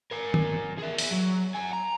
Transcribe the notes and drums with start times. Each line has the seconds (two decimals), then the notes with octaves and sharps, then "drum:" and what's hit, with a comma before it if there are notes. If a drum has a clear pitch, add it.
0.11 A#4 G#5
0.34 drum: tom
0.79 G#4 E5
0.98 drum: open hi-hat
1.12 F#3
1.54 F#5 G#5
1.73 A#5